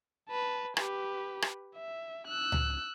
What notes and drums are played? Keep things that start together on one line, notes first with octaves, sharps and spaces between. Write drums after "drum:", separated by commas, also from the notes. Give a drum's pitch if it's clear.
B4 A5
G4 B4, drum: rim click
drum: rim click
E5
E6 F#6
drum: tom C#2